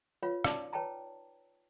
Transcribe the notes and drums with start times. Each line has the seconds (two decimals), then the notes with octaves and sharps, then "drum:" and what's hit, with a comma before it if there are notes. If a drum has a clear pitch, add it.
0.23 F4 B4 C#5 F5
0.44 D#4 D5 A5 D6, drum: rim click
0.73 B4 C#5 G5 A5 A#5